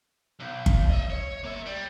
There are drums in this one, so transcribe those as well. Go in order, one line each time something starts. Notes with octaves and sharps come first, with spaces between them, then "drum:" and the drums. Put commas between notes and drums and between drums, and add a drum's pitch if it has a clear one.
B1
drum: kick G1
D#5 E5
C#5
A#3 E5
G3